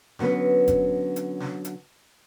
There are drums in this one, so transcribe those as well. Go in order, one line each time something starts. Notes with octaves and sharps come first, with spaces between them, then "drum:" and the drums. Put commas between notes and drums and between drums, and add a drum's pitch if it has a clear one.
D3 F#3 B3 C#4 B4, drum: snare
drum: kick F1, hi-hat
drum: hi-hat
drum: snare
drum: hi-hat